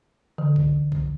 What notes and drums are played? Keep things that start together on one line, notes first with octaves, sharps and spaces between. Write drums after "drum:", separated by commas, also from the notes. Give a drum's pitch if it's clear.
D3 E3
drum: kick B1
drum: kick B1